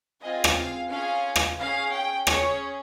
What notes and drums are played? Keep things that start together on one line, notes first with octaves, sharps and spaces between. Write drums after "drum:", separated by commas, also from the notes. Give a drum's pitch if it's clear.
C4 F4 G#4 D#5
drum: rim click
F5
C#4 F4 G#4 F5
drum: rim click
C#4 G#4 F5
G5
C#4 G#4 C#5, drum: rim click